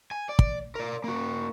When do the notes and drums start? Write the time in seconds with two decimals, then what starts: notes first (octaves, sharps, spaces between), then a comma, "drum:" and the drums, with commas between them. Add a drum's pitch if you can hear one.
0.11 G#5
0.29 D5
0.39 drum: kick
0.75 A#4 D5
1.04 A#3 F#4